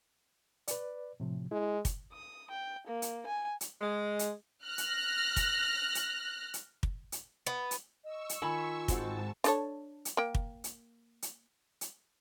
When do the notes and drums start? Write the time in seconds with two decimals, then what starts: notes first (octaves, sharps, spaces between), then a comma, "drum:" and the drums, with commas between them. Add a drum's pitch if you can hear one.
0.68 B4 D5, drum: hi-hat
1.20 A2 C3 F3
1.51 G#3 E4
1.85 drum: kick, hi-hat
2.13 D#6
2.50 G5
2.87 A#3
3.02 drum: hi-hat
3.26 G#5
3.61 drum: hi-hat
3.81 G#3
4.19 drum: hi-hat
4.66 F6 F#6 A#6
4.78 drum: hi-hat
5.36 drum: kick, hi-hat
5.95 drum: hi-hat
6.54 drum: hi-hat
6.83 drum: kick
7.12 drum: hi-hat
7.47 B3
7.71 drum: hi-hat
8.04 D#5 C#6 E6
8.29 drum: hi-hat
8.42 D#3 F4 G#5 A5 B5
8.88 G#2 G#3 C4 F#4 A5, drum: kick, hi-hat
9.44 D4 A4 C#5, drum: hi-hat
10.05 drum: hi-hat
10.17 A#3 G5
10.35 drum: kick
10.64 drum: hi-hat
11.22 drum: hi-hat
11.81 drum: hi-hat